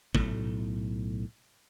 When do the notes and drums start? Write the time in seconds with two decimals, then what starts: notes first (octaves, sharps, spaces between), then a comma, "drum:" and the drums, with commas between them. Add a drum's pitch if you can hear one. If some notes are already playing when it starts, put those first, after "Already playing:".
0.15 B1 A2 A3, drum: kick G#1